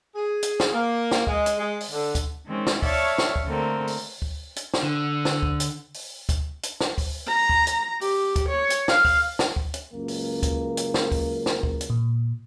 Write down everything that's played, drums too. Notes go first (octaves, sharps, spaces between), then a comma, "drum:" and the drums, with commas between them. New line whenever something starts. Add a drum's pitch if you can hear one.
G#4
drum: hi-hat
drum: snare
A#3
drum: snare
G#3, drum: kick
drum: hi-hat
G#3
drum: open hi-hat
D3
drum: kick, hi-hat
D#3 G#3 C4 C#4
drum: snare
C#5 D5 E5 F5 A5 C#6, drum: kick, open hi-hat
drum: snare
drum: kick
D3 A3 A#3 C4
drum: open hi-hat
drum: kick
drum: hi-hat
drum: snare
D3
drum: snare
drum: kick
drum: hi-hat
drum: open hi-hat
drum: kick, hi-hat
drum: hi-hat
drum: snare
drum: kick, open hi-hat
A#5
drum: kick
drum: hi-hat
G4, drum: open hi-hat
drum: kick, hi-hat
C#5
drum: hi-hat
F5, drum: snare
drum: kick, open hi-hat
drum: snare
drum: kick
drum: hi-hat
C#2 F#2 A#3
drum: open hi-hat
drum: kick, hi-hat
drum: hi-hat
drum: snare
drum: kick, open hi-hat
drum: snare
drum: kick
drum: hi-hat
A#2